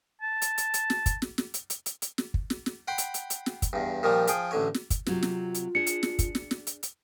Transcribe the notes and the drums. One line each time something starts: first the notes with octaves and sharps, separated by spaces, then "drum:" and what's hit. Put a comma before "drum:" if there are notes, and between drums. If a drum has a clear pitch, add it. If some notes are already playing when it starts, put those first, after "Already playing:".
A5
drum: hi-hat
drum: hi-hat
drum: hi-hat
drum: snare
drum: kick, hi-hat
drum: snare
drum: snare
drum: hi-hat
drum: hi-hat
drum: hi-hat
drum: hi-hat
drum: snare
drum: kick
drum: snare
drum: snare
F#5 G5 B5 C6
drum: hi-hat
drum: hi-hat
drum: hi-hat
drum: snare
drum: kick, hi-hat
E2 G2
A#2 D#3 F3 G3
F3 G#4 G5, drum: hi-hat
A1 D3 C#5
drum: snare
drum: kick, hi-hat
C3 F#3 C4 F4, drum: snare
drum: snare
drum: hi-hat
D4 G#4 C#7
drum: hi-hat
drum: snare
drum: kick, hi-hat
drum: snare
drum: snare
drum: hi-hat
drum: hi-hat